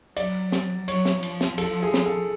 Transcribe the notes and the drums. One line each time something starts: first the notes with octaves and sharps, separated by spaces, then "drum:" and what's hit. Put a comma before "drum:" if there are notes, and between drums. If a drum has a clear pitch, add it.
F#3 D5, drum: cymbal
drum: snare
F#3 C#5, drum: cymbal
drum: snare
F3, drum: cymbal
drum: snare
A4, drum: cymbal
G#4
drum: snare
A4